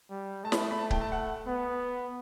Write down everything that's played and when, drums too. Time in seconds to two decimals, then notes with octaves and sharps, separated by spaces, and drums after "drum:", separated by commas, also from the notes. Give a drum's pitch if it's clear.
0.11 G3
0.44 A3 A5
0.52 B5, drum: snare
0.60 A5
0.71 B5
0.78 A5
0.90 G5, drum: kick C#1
1.01 A5
1.12 F#5
1.47 B3